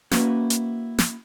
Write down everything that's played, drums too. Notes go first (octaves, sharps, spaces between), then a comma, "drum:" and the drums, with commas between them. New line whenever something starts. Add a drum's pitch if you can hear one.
A#3 C#4 E4 F#4 B4, drum: snare
drum: hi-hat
drum: snare